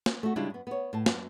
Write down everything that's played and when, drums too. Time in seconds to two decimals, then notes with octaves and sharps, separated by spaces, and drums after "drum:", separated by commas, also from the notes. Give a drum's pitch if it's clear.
0.06 drum: snare
0.23 A3 F#4
0.36 C#3 G3 G#3 D4 E4 F4
0.50 F#2 B3
0.67 B3 C#5
0.93 A2 A5
1.06 F#2 B3, drum: snare